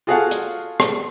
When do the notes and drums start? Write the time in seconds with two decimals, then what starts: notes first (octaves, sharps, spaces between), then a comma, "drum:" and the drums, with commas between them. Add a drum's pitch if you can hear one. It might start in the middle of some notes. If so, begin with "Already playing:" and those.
0.07 F4 F#4 G#4 A4 F5 F#5
0.31 drum: hi-hat
0.80 drum: rim click